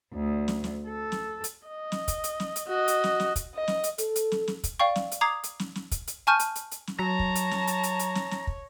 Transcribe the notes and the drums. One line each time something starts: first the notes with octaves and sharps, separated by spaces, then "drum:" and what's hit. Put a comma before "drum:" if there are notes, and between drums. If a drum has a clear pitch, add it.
D2
drum: snare
drum: snare
A4
drum: snare
drum: hi-hat
D#5
drum: snare
drum: kick, hi-hat
drum: hi-hat
drum: snare
drum: hi-hat
F#4 D#5
drum: hi-hat
drum: snare
drum: snare
drum: kick, hi-hat
D#5
drum: snare
drum: hi-hat
A4, drum: hi-hat
drum: hi-hat
drum: snare
drum: snare
drum: kick, hi-hat
D5 F5 G5 C#6
drum: snare
drum: hi-hat
A#5 D6 D#6 G#6 C7
drum: hi-hat
drum: snare
drum: snare
drum: kick, hi-hat
drum: hi-hat
G#5 A5 C#6 F6 G6 D#7
drum: hi-hat
drum: hi-hat
drum: hi-hat
drum: snare
F#3 C#5 A5 A#5 A#6
drum: kick
drum: hi-hat
drum: snare
drum: hi-hat
drum: hi-hat
drum: hi-hat
drum: snare
drum: snare
drum: kick